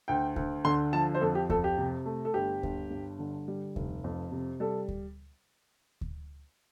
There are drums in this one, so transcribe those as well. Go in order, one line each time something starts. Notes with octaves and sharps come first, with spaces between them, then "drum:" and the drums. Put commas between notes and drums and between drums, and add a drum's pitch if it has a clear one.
D2 G5
D2, drum: kick D2
D3 C6
F3 A5
C5
F2 A4
G4
F2 A4, drum: kick D2
G4
C3
A3
A4
G1 G4
G1, drum: kick D2
G2
D3
G3
F1, drum: kick D2
F2
C3
G3 A4
drum: kick D2
drum: kick D2